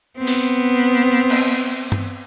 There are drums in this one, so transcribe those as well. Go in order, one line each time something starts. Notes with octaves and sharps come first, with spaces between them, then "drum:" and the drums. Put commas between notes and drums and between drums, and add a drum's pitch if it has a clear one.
B3 C4
drum: open hi-hat
drum: cymbal
drum: tom G2